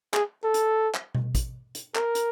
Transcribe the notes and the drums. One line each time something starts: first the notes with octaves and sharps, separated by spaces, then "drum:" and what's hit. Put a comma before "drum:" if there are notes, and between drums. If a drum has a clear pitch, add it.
G#4, drum: clap
A4
drum: hi-hat
drum: clap
drum: tom B2
drum: kick, hi-hat
drum: hi-hat
A#4, drum: clap
drum: hi-hat